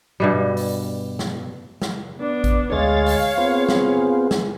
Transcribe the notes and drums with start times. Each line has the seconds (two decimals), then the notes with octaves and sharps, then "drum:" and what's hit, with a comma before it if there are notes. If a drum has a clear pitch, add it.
0.20 G2 B2 G3
0.57 drum: open hi-hat
1.19 drum: snare
1.82 drum: snare
2.17 B3 D4
2.44 drum: kick A1, hi-hat
2.72 D2 G#3 C#5 F5 A6
3.06 drum: open hi-hat
3.37 B3 C4 F4 G#4
3.69 drum: snare
4.31 drum: snare